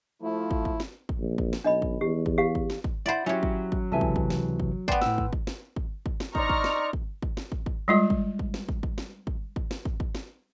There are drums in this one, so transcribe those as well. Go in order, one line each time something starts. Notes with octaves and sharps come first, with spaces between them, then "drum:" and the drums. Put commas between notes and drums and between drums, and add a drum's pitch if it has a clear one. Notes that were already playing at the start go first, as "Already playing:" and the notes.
F3 A3 E4
drum: kick
drum: kick
drum: snare
drum: kick
A#1
drum: kick
drum: snare
B1 D4 D#5 B5
drum: kick
E2 G4
drum: kick
G4 F5
drum: kick
drum: snare
drum: kick
E4 C5 D5 F#5 B5
F#3 C#4 E4 G4 C#5
drum: kick
drum: kick
C#2 C3 E3 A4 E5 G#5
drum: kick
drum: kick
drum: snare
drum: kick
B3 B4 C5 D5 G5 G#5, drum: kick
A2 E6, drum: snare
drum: kick
drum: kick
drum: snare
drum: kick
drum: kick
drum: snare
D#4 C5 D5 A#5 C#6 F6, drum: kick
drum: kick
drum: snare
drum: kick
drum: kick
drum: snare
drum: kick
drum: kick
G3 G#3 F4
drum: kick
drum: kick
drum: snare
drum: kick
drum: kick
drum: snare
drum: kick
drum: kick
drum: snare
drum: kick
drum: kick
drum: snare